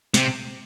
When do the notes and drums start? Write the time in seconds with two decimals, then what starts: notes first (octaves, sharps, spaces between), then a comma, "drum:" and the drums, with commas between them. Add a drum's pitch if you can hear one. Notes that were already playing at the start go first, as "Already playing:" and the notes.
0.14 C3, drum: snare